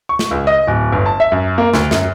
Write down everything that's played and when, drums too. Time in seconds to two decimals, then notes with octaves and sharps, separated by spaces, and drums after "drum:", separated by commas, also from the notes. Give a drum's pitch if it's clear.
0.09 C#6
0.19 drum: snare
0.31 C#2
0.47 D#5
0.67 D1
0.92 G1
1.06 A5
1.20 E5
1.32 F#2
1.58 A#3
1.74 D2, drum: snare
1.91 F#2, drum: snare